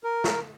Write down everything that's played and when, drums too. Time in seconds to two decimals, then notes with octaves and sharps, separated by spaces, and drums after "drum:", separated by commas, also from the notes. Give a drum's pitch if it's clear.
0.04 A#4
0.24 drum: snare